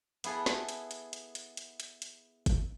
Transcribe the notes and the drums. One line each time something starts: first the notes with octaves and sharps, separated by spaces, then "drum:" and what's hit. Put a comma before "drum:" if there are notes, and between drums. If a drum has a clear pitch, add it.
B3 E4 G#4 A4, drum: hi-hat
drum: snare
drum: hi-hat
drum: hi-hat
drum: hi-hat
drum: hi-hat
drum: hi-hat
drum: hi-hat
drum: hi-hat
drum: kick, hi-hat